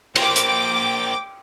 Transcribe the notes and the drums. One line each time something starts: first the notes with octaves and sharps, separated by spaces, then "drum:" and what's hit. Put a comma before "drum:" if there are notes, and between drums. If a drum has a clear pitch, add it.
A#3 C5 G5 D6, drum: cymbal
drum: hi-hat